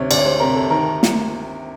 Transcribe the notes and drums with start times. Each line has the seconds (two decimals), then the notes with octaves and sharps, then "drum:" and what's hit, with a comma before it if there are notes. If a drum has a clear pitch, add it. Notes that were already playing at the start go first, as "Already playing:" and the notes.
Already playing: D2 C3 C#5
0.11 D2 D5, drum: cymbal
0.19 C#5
0.26 C5
0.40 C3 A#4
0.55 A4
0.70 D#3 A#4
1.03 drum: snare